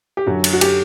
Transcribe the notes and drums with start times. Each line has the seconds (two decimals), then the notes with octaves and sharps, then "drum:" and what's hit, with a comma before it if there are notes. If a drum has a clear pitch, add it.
0.17 G4
0.27 F#2 D3 F#3 F#4
0.44 drum: cymbal
0.53 F#4
0.61 G4, drum: cymbal